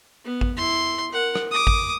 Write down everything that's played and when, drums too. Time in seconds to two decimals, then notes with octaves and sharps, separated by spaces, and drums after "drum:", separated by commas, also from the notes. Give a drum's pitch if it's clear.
0.25 B3
0.41 drum: kick G#1
0.57 E4 C6
1.12 A#4 F#5
1.35 drum: rim click
1.51 D6 D#6
1.67 drum: kick G#1